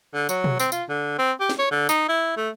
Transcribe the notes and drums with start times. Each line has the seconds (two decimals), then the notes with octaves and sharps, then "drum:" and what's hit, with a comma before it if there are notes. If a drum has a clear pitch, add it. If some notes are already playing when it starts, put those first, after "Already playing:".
0.14 D3
0.29 F#3, drum: tambourine
0.44 drum: tom B2
0.59 C4, drum: tambourine
0.72 F4, drum: tambourine
0.89 D3
1.19 C4
1.40 G4
1.49 drum: snare
1.59 C#5
1.71 D3
1.89 D#4, drum: tambourine
2.08 E4
2.37 A3